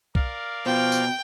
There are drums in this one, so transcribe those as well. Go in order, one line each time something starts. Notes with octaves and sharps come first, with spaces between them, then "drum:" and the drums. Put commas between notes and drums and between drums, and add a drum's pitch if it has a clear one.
A#4 D5 F5, drum: kick B1
B2 F3 G5
drum: tambourine